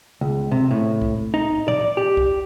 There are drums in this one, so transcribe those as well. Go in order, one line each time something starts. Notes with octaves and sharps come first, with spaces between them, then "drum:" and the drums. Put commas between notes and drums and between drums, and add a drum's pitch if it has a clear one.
C#2
C3
A2
drum: kick
D#4
D5, drum: tom A2
G4
drum: kick